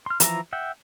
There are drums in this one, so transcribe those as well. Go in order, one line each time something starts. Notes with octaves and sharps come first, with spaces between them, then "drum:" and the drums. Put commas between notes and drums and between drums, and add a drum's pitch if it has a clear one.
C6 F6
E3 F3 E5 A#5, drum: hi-hat
E5 F#5 G5